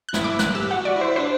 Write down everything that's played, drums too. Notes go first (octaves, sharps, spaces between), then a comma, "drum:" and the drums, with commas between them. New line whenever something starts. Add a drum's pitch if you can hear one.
F#6
E4, drum: snare
D6
F#6, drum: snare
G4 E6
F#4 F#5
D5
E4
C5
D4 C5